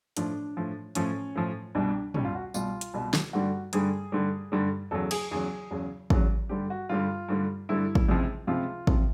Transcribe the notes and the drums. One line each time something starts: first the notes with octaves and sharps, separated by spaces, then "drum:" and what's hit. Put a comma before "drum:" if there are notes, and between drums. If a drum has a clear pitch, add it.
A2 F3 D4, drum: hi-hat
A2 F3
A2 F3 C#4, drum: hi-hat
A2 F3
C2 B2 G3 D4
C2 B2 G3 C#4, drum: tom
F4
F#4
C2 B2 G3 F4, drum: tambourine
drum: hi-hat
C2 B2 G3
drum: snare
G2 D3 G3 F#4
G2 D3 G3 G#4, drum: hi-hat
G2 D3 G3
G2 D3 G3
E2 C#3 F#3 A4
G#4, drum: cymbal
E2 C#3 F#3 G#4
E2 C#3 F#3
E2 C#3 F#3, drum: kick
G2 D3 G3 G4
F#4
G2 D3 G3 F4
G2 D3 G3
G2 D3 G3 E4
drum: kick
C#2 C3 F3
C#2 C3 F3 F4
C3 F3, drum: kick